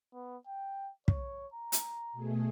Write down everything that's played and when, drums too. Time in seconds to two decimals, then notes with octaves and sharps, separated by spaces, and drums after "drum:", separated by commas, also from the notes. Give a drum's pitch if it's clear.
0.13 B3
0.47 G5
1.08 C#5, drum: kick
1.53 A#5
1.72 drum: hi-hat
2.13 B2 A3 G#4